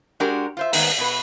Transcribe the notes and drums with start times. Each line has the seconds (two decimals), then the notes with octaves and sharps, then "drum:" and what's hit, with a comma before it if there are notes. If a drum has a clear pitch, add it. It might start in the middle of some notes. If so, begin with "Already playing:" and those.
0.20 G#3 D4 F#4 G4 A#4
0.57 F4 C5 E5
0.73 G#2 D#3 G#3 A3 B3, drum: open hi-hat
0.98 B2 B4